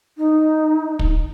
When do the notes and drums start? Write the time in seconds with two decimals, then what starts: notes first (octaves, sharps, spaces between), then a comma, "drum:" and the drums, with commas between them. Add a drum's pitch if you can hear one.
0.17 D#4
0.99 drum: kick